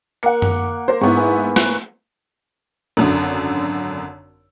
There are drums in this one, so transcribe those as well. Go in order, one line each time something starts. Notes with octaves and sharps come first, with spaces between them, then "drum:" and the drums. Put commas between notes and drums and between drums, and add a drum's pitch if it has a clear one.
A#3 F#5 C#7
drum: tom F#2
A#4 C5
G#2 B3 E4 C#6
E3
F#6, drum: snare
G#1 F#2 D3